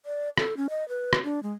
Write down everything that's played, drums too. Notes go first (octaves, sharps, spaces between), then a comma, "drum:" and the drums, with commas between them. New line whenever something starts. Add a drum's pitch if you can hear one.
D5
A4, drum: rim click
C#4
D#5
B4
drum: rim click
D4
G#3